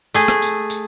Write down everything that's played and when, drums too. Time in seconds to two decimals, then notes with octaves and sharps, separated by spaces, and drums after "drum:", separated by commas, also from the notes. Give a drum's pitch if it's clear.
0.14 A3 G#4, drum: tambourine
0.28 drum: rim click
0.42 drum: tambourine
0.70 drum: tambourine